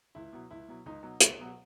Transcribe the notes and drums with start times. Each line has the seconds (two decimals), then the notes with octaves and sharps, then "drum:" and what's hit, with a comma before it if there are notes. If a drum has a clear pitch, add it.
0.15 C#2 E4
0.33 B2 F#3
0.51 C#2 E4
0.68 B2 F#3
0.86 C#2 D#4
1.03 B2 F#3
1.21 C#2, drum: hi-hat
1.39 B2 F#3